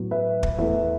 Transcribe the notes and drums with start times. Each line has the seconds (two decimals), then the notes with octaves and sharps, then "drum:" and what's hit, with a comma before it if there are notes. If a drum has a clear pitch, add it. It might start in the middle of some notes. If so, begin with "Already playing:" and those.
Already playing: A2 F#3 B3
0.11 B4 E5
0.43 drum: kick
0.58 E2 E3 A3 B4 E5